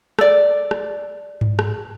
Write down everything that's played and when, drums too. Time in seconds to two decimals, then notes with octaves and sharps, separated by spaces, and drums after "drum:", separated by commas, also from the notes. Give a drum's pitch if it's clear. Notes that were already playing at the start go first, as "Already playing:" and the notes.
0.19 A4 D5, drum: rim click
0.71 drum: rim click
1.41 drum: tom G#2
1.59 drum: rim click